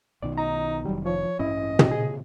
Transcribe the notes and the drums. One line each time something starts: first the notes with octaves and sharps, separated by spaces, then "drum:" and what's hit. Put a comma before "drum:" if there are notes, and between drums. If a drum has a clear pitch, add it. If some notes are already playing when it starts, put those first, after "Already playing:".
B1 B2 D#3 D5
D#4 A#5
F1 D#3 F#3 G3
F3 C#5
A1 G2 C#4 E4 D#5
drum: tom
A#2 C#3 G#4